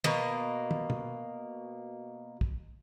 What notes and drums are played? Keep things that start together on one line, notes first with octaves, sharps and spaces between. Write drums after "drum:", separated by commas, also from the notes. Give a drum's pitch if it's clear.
B2 A#3, drum: tom
drum: tom
drum: tom
drum: kick